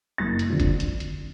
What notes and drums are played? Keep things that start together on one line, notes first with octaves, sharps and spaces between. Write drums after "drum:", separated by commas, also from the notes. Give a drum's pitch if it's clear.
F#1 A6
drum: hi-hat
F2 D3
drum: kick F#1, hi-hat
drum: hi-hat
drum: hi-hat